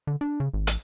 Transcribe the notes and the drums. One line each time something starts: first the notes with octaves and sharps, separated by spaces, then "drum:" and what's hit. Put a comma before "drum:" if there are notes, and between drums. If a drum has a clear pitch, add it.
D3
D4
C#3
G#1
A1, drum: hi-hat